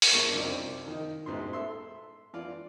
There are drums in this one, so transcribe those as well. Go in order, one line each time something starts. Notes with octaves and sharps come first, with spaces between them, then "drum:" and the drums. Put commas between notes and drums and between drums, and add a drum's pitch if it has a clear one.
drum: open hi-hat
E2 F3 A#3 D4 C#6
C2 F#2 C4 D#4 F4 D5
D#3 D#4
A1 G#2 B2 C6
A4 E5 C6
E3 F4 D5